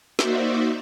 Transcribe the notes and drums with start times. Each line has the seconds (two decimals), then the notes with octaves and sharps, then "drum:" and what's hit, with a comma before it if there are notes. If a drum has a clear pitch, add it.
0.19 A#3 D#4 F#4 C5 D5 E5, drum: snare